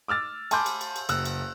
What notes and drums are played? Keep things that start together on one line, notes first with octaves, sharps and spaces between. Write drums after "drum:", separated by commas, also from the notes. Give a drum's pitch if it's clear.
D6 E6 F6 A6
G#5 A5 B5 C6 D6 G6, drum: cymbal
drum: cymbal
drum: cymbal
drum: cymbal
F#1 E6 F#6, drum: cymbal
drum: cymbal